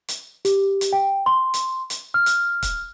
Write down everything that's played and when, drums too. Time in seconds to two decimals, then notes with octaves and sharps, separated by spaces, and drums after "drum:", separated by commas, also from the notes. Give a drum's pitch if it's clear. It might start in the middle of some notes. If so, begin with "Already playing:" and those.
0.08 drum: hi-hat
0.45 G4, drum: hi-hat
0.81 drum: hi-hat
0.93 G5
1.26 C6
1.54 drum: hi-hat
1.90 drum: hi-hat
2.14 F6
2.26 drum: hi-hat
2.63 drum: kick, hi-hat